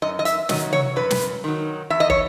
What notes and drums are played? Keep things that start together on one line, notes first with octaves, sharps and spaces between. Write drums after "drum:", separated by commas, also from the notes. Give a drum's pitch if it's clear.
F#2 D#5
D#5
E5, drum: hi-hat
D#3 F#3 D#5, drum: snare
C#5, drum: tom C3
F#2 B4
drum: snare
D#3 F#3
E2 E5
D#5
C#5, drum: kick